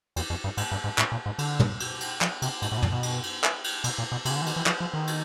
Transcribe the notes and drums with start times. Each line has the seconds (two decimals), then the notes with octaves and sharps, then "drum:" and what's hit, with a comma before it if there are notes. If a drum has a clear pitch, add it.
0.16 E2, drum: cymbal
0.30 F2
0.44 G2
0.57 G#2, drum: cymbal
0.71 G2
0.84 G#2
0.98 A2, drum: clap
1.12 A#2
1.26 G#2
1.38 D3, drum: cymbal
1.60 drum: tom
1.80 drum: cymbal
2.00 drum: cymbal
2.21 F3, drum: clap
2.42 C3, drum: cymbal
2.62 G#2, drum: cymbal
2.72 A2
2.78 B2
2.82 A#2, drum: tom
2.92 B2
3.03 drum: cymbal
3.23 drum: cymbal
3.44 drum: clap
3.64 drum: cymbal
3.84 B2, drum: cymbal
3.98 A#2
4.12 B2
4.25 C3, drum: cymbal
4.30 C#3
4.36 D3
4.42 E3
4.46 D#3, drum: cymbal
4.56 E3
4.66 F3, drum: clap
4.80 F3
4.94 D#3
5.07 drum: cymbal